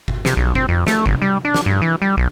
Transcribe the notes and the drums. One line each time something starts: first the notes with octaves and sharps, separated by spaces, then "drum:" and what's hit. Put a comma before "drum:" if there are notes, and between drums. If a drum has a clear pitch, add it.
drum: kick G1
C3, drum: snare
B1
C4, drum: kick G1
F2
A3, drum: snare
G#1, drum: tom C3
G3
D4
drum: snare
G2
E3
G3
B1